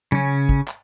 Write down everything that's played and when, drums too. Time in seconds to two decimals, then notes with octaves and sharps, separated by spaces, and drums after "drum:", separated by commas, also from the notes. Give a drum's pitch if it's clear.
0.12 C#3 C#4, drum: tom
0.49 drum: kick
0.68 drum: clap